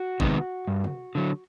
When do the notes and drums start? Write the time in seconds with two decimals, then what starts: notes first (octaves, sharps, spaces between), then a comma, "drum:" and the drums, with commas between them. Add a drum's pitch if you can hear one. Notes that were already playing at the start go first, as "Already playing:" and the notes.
Already playing: F#4
0.20 C3 D#3 G#3 B3, drum: kick
0.68 G2
0.84 drum: tom
1.15 D3 F#3